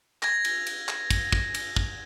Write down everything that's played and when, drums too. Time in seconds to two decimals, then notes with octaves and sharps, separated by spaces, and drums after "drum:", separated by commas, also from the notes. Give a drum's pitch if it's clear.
0.23 G#6 A#6, drum: clap
0.45 drum: cymbal
0.67 drum: cymbal
0.88 drum: clap
1.10 drum: kick, cymbal
1.32 drum: kick
1.54 drum: cymbal
1.76 drum: kick